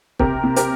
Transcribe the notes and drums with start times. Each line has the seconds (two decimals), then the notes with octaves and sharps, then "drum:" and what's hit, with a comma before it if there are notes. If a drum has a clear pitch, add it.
0.19 C3 G4 A#4, drum: kick
0.44 C3
0.56 G4 A#4, drum: hi-hat